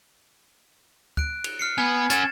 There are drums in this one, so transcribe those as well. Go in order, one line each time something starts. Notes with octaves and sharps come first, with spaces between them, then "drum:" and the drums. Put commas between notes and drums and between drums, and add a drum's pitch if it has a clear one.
F#6 D7, drum: kick D2
drum: cymbal
F6 C7 C#7
B3 G#5 F6
C#4 F#5 G#6 A6 E7, drum: hi-hat